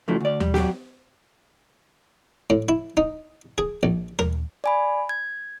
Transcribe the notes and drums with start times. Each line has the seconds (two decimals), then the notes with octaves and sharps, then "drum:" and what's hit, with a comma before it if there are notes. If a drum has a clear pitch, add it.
0.08 F2 C#3 F3 F#3 A3 E4
0.20 D2 D5
0.40 G3, drum: tom D#2
0.54 F#3 G4, drum: snare
2.50 A2
2.69 E4
2.97 D#4, drum: kick
3.58 G#4, drum: kick
3.83 A#1
4.19 A#4, drum: tom D#2
4.64 D5 G#5 B5
5.09 G#6